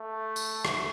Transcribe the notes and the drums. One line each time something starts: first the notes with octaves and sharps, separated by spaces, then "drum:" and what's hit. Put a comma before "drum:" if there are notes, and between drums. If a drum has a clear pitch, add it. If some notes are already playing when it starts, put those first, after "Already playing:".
Already playing: A3
drum: tambourine
drum: rim click